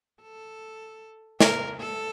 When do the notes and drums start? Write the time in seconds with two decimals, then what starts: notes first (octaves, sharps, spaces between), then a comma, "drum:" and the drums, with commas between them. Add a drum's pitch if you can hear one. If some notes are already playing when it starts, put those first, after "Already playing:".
0.22 A4
1.40 A#4, drum: snare
1.80 A4